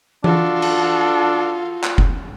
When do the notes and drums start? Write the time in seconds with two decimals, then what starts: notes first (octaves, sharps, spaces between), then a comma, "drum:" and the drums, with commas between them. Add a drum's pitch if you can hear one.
0.24 D4 F4 F#4 A4, drum: tom E3
0.62 drum: cymbal
1.84 drum: clap
1.98 drum: kick F1